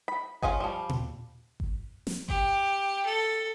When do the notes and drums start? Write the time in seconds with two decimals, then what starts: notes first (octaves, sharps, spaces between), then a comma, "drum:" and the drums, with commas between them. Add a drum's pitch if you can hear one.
0.08 B5
0.42 C#4 F4 G#4 G#5, drum: kick G1
0.60 F3 G3
0.89 drum: tom A#2
1.60 drum: kick G1
2.07 drum: snare
2.29 G4, drum: kick G1
3.05 A4